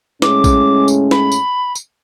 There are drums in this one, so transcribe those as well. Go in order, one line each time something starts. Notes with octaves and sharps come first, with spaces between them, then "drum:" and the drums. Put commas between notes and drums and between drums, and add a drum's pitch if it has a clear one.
A2 G#3 C#4 D6, drum: snare
drum: kick A#1, tambourine
drum: tambourine
B5, drum: snare
drum: tambourine
drum: tambourine